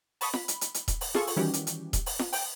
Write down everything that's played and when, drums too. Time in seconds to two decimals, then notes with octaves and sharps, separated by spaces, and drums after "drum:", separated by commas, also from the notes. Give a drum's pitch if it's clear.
0.21 A5 B5 C#6 D#6, drum: open hi-hat
0.34 B5, drum: snare F4
0.48 drum: hi-hat
0.61 drum: hi-hat
0.74 drum: hi-hat
0.88 drum: kick D#1, hi-hat
1.01 drum: open hi-hat
1.15 F4 G#4 A4 C#6, drum: snare F4
1.27 drum: open hi-hat
1.36 D#3 E3 G3 C#4 F#4 G4
1.54 drum: hi-hat
1.67 drum: hi-hat
1.93 drum: kick D#1, hi-hat
2.06 drum: open hi-hat
2.19 drum: snare F4
2.33 G5, drum: open hi-hat